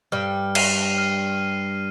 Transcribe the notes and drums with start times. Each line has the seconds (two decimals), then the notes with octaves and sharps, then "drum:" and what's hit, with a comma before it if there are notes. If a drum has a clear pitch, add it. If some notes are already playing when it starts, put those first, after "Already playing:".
0.12 G2 G3 F6
0.55 C7 D#7, drum: cymbal
0.98 F6